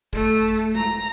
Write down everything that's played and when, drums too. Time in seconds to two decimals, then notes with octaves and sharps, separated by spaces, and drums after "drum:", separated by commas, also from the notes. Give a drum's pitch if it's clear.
0.13 A3, drum: kick F#1
0.75 A#5, drum: tom G#3